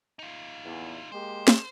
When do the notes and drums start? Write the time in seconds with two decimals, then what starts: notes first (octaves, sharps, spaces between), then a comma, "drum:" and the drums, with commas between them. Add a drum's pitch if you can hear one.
0.19 D#4 F4
0.65 E2
1.12 G#3 A#3 G4 C5
1.48 drum: snare